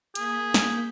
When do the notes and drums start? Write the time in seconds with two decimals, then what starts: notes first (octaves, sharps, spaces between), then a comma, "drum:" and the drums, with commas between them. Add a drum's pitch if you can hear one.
0.15 A#3 G#4 G6 B6, drum: hi-hat
0.54 drum: snare